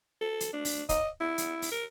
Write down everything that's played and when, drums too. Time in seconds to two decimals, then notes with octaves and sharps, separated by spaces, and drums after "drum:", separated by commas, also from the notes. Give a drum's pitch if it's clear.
0.21 A4
0.40 drum: hi-hat
0.53 D4
0.65 drum: open hi-hat
0.89 D#5, drum: kick, hi-hat
1.21 E4
1.38 drum: hi-hat
1.62 drum: open hi-hat
1.72 A#4